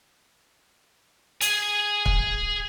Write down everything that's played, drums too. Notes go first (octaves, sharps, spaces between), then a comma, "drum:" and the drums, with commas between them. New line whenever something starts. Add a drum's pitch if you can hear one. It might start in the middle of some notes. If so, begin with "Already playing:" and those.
G#4 G#5, drum: hi-hat
drum: kick